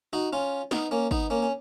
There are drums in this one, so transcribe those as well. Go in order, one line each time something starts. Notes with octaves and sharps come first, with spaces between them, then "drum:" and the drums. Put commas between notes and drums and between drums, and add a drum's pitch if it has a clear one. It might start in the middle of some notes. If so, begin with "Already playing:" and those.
D#4 F#4
C#4 F4
B3 D#4, drum: snare
A#3 C#4
B3 D#4, drum: kick G#1
A#3 C#4
C#4